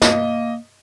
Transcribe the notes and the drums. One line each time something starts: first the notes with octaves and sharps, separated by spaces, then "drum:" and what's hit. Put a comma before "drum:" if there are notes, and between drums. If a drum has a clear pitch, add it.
A#3 D#5, drum: snare